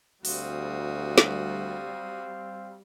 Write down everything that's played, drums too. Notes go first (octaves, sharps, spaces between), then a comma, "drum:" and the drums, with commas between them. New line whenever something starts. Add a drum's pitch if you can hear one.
D2 G3 C4 F#4 F5 D#6, drum: open hi-hat
drum: snare